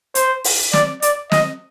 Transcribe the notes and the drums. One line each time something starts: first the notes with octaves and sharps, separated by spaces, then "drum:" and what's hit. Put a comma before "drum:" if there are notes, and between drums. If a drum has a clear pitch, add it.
C5, drum: hi-hat
drum: open hi-hat
D5, drum: snare
D5, drum: hi-hat
D#5, drum: snare